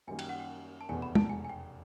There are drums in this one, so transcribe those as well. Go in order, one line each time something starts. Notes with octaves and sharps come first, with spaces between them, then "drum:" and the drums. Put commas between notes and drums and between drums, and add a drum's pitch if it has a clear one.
F#2 D#3 G3 A#3 G#5
G5, drum: cymbal
F#5
G5
A5
F1 E2 B2 G#5
B5
A5, drum: tom
G#5
G#5
G5